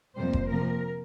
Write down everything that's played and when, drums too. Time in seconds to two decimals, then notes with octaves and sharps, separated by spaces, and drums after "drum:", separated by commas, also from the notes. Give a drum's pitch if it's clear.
0.17 F2 C3 G3 A#3 C5
0.33 drum: kick F1
0.49 C3 F3 A#3 A#4